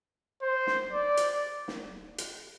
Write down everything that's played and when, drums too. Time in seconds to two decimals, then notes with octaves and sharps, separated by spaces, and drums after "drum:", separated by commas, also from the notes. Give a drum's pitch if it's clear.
0.42 C5
0.67 drum: snare
0.92 D5
1.17 drum: hi-hat
1.68 drum: snare
2.18 drum: hi-hat